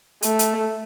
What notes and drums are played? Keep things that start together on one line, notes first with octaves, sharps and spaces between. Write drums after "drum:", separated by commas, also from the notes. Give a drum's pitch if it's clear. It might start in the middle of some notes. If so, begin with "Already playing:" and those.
A3, drum: hi-hat
drum: hi-hat